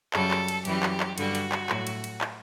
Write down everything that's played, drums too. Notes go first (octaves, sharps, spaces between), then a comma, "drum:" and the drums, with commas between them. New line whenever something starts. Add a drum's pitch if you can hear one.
F#2 C#3 G3 A4, drum: clap
drum: clap
drum: cymbal
F#2 E3 G3 G4, drum: cymbal
drum: clap
drum: clap
G2 D3 G3 F#4, drum: cymbal
drum: cymbal
drum: clap
A2 F#3, drum: clap
drum: cymbal
drum: cymbal
drum: clap